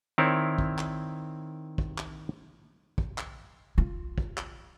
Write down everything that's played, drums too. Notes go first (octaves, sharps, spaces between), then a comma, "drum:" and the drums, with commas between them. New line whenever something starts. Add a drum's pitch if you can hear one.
D#3 C4 E4 C#5 D5
drum: kick
drum: clap
drum: kick
drum: clap
drum: kick
drum: clap
F4
drum: kick
drum: clap